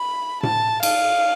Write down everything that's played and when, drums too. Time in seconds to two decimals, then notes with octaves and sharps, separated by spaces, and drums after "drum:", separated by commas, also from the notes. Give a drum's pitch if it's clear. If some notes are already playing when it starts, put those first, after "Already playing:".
Already playing: B5
0.43 A5, drum: tom A2
0.83 F5, drum: cymbal